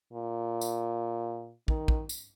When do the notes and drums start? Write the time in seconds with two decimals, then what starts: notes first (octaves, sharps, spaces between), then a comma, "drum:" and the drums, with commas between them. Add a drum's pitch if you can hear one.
0.13 A#2
0.61 drum: tambourine
1.68 D#3, drum: kick
1.88 drum: kick
2.09 drum: tambourine